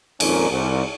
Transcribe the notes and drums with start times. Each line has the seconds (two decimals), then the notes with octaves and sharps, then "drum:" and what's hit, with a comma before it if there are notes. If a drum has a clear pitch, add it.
0.20 F2 A#2 D#3 G#3 C#4, drum: cymbal
0.50 C2